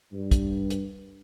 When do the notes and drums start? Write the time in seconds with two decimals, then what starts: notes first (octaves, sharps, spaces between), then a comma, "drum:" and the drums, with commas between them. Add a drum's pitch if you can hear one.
0.12 G2
0.31 drum: kick, hi-hat
0.70 drum: hi-hat